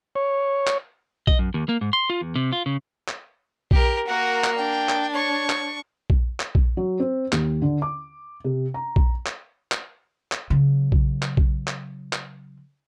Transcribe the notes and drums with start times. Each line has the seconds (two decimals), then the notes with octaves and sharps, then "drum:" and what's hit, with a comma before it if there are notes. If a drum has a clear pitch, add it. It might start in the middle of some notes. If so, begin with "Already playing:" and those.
0.15 C#5
0.67 drum: clap
1.27 D#5, drum: kick A#1
1.39 F#2
1.54 D#2
1.69 A#3
1.81 G#2
1.93 C6
2.10 F4
2.21 E2
2.36 C3
2.53 F4
2.66 C#3
3.08 drum: clap
3.71 G4 A#4, drum: kick A#1
4.07 A#3 F#4 A#4 F#5
4.44 drum: clap
4.56 D4 G5
4.89 drum: clap
5.13 C#5 C#6
5.49 drum: clap
6.10 drum: kick A#1
6.40 drum: clap
6.55 drum: kick A#1
6.77 F#3
7.00 C4
7.32 D#2, drum: clap
7.62 D3
7.82 D6
8.44 C3
8.74 A#5
8.96 drum: kick A#1
9.26 drum: clap
9.72 drum: clap
10.32 drum: clap
10.50 C#3 F#3
10.92 drum: kick A#1
11.22 drum: clap
11.37 drum: kick A#1
11.67 drum: clap
12.13 drum: clap